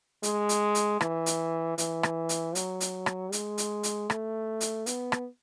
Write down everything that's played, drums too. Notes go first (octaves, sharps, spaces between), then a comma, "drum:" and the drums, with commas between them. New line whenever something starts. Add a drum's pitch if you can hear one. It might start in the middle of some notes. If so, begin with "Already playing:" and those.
G#3, drum: hi-hat
drum: hi-hat
drum: hi-hat
E3, drum: rim click
drum: hi-hat
E3, drum: hi-hat
drum: rim click
drum: hi-hat
F#3, drum: hi-hat
drum: hi-hat
drum: rim click
G#3, drum: hi-hat
drum: hi-hat
drum: hi-hat
A3, drum: rim click
drum: hi-hat
B3, drum: hi-hat
drum: rim click